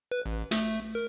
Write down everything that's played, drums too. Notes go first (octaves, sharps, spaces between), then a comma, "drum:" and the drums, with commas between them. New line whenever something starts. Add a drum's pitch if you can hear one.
B4
A1
A3, drum: hi-hat
A#4